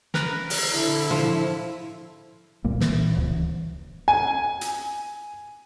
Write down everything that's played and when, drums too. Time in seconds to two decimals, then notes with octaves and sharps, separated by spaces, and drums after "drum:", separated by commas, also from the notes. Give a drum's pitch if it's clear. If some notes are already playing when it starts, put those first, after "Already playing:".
0.14 A#4 B4, drum: snare
0.50 drum: open hi-hat
0.72 D3 E4
1.11 F3, drum: tom
2.64 C2 A#2 G3 A#3
2.80 A#2 E3, drum: snare
3.16 D1 C#2 E3
4.08 G#5
4.61 drum: hi-hat